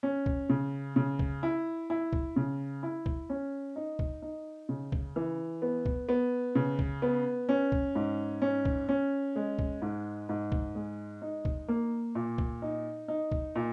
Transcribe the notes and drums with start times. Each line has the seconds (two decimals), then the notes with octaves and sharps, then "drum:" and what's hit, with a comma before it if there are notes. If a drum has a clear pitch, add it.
0.03 C#4
0.26 drum: kick
0.49 C#3
0.96 C#3
1.19 drum: kick
1.43 E4
1.90 E4
2.13 drum: kick
2.36 C#3
2.83 E4
3.06 drum: kick
3.30 C#4
3.76 D#4
3.99 drum: kick
4.22 D#4
4.69 C#3
4.92 drum: kick
5.16 E3
5.62 B3
5.86 drum: kick
6.09 B3
6.55 C#3
6.79 drum: kick
7.02 B3
7.49 C#4
7.72 drum: kick
7.95 G#2
8.42 C#4
8.65 drum: kick
8.89 C#4
9.36 G#3
9.59 drum: kick
9.82 G#2
10.29 G#2
10.52 drum: kick
10.75 G#3
11.22 D#4
11.45 drum: kick
11.68 A#3
12.15 A#2
12.38 drum: kick
12.62 D#4
13.08 D#4
13.32 drum: kick
13.55 A#2